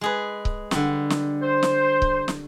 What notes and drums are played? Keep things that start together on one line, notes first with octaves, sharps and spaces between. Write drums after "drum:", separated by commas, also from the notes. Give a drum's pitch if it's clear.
G#3 G#4 B4
drum: kick C#1
D3 G3, drum: snare
drum: snare
C5
drum: snare
drum: kick C#1
drum: snare